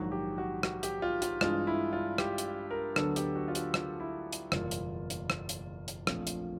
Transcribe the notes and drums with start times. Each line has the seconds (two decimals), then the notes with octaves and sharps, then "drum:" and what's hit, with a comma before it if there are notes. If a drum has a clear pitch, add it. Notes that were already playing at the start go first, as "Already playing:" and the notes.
Already playing: A#1 G#2 D#3 F#3 F#4
0.12 G4
0.38 F#4
0.63 F#4, drum: rim click
0.83 G4, drum: hi-hat
1.02 F4
1.22 F4, drum: hi-hat
1.41 G2 E3 G#3 F4, drum: rim click
1.67 E4
1.93 F4
2.18 G4, drum: rim click
2.38 drum: hi-hat
2.71 A#4
2.96 D2 D3 F#3 B3 D4 A4, drum: rim click
3.16 G4, drum: hi-hat
3.35 F#4
3.48 F4
3.55 F#4, drum: hi-hat
3.74 F4, drum: rim click
4.00 E4
4.33 drum: hi-hat
4.52 F#1 E2 B2 G3 A#3 F4, drum: rim click
4.71 drum: hi-hat
5.10 drum: hi-hat
5.30 drum: rim click
5.49 drum: hi-hat
5.88 drum: hi-hat
6.07 A#1 A#2 F3 A3 C4, drum: rim click
6.27 drum: hi-hat